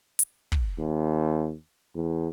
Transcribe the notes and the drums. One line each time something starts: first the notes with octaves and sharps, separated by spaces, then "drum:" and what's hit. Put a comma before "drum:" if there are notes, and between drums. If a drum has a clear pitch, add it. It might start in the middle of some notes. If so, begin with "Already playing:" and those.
drum: hi-hat
drum: kick
D#2
E2